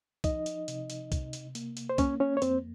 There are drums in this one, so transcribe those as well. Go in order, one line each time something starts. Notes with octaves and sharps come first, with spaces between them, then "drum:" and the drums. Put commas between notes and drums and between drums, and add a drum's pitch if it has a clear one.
F3 D#4 D#5, drum: kick C2, hi-hat
drum: hi-hat
C3, drum: hi-hat
drum: hi-hat
C3, drum: kick C2, hi-hat
drum: hi-hat
A#3, drum: hi-hat
drum: hi-hat
C5
A#3 C#4 C#5, drum: kick C2, hi-hat
C#4 C#5
C#5
F2 C4 C5, drum: hi-hat